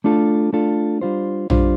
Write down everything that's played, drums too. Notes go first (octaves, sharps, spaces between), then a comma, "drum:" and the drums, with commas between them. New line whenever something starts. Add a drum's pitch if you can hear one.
A3 D4 F4 A4
A3 D4 F4 A4
G3 D4 F4 C5
G3 D4 F4 C5, drum: tom A#1